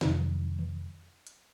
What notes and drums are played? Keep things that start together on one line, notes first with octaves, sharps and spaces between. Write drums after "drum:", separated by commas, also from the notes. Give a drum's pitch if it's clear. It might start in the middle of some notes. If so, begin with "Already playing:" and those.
F2 C3 D#3 F#3, drum: snare
drum: tom D#3
drum: hi-hat